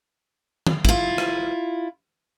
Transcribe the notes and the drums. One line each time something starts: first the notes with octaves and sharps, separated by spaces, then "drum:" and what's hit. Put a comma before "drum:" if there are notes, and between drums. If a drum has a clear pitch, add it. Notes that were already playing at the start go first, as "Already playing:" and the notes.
drum: tom
E4 F4, drum: kick
drum: rim click